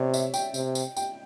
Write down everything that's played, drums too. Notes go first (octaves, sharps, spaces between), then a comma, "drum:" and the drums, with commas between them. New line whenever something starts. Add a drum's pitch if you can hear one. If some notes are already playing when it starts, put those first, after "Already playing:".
Already playing: C3 C#5 D5
E5, drum: tambourine
G5, drum: tambourine
C3, drum: tambourine
drum: tambourine
G5, drum: tambourine